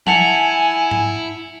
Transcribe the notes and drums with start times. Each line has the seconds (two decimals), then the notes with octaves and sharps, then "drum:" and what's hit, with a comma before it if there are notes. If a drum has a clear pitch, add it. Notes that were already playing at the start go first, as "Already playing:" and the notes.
0.07 E4 F#5 G#5 A5 C#7 F7 F#7, drum: tom F3
0.91 drum: tom G#2